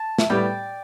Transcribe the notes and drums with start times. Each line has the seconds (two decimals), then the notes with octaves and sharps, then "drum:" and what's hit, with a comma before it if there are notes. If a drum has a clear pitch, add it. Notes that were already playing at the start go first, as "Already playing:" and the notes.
Already playing: A5
0.18 E5, drum: snare
0.30 A2 G3 B3 G4 D5 G5